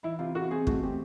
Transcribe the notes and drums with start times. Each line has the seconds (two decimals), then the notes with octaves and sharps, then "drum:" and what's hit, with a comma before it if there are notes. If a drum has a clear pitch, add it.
0.03 E3 E4
0.19 C3 F4
0.35 C3 F#4
0.51 C4 G#4
0.67 A3 F#4, drum: kick
0.82 C4 G4